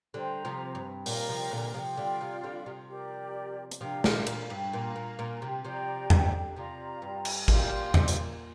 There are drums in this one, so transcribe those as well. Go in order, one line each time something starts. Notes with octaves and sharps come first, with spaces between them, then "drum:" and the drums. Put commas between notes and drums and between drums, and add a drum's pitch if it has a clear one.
D3 G3 C5 A#5
C3 F3
G2
A#2 A#4 D5 F5 A#5, drum: open hi-hat
C3 F3
A#2 D3
C3 F3
D3 G3 F4 D5 F5
C3 F3
D3 G3
C3 F3
G4 A#4 D5
drum: hi-hat
C3 F3 D4 A#4 F5
A#2 D3, drum: snare
A#2, drum: cymbal
G2
A#2 A#4 F5 A#5
A#2
A#2
C3
C3 F3 G4 D5 G5 A#5
D3 G3, drum: tom E2
C3 F3 F4 D5 A#5
G2
drum: cymbal
A#2 G4 D5 F5 C6, drum: kick G#1
A#2, drum: tom E2
drum: hi-hat